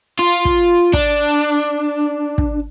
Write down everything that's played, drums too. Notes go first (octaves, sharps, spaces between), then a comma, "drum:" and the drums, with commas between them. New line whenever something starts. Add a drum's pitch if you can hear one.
F4
drum: kick
D4, drum: kick
drum: kick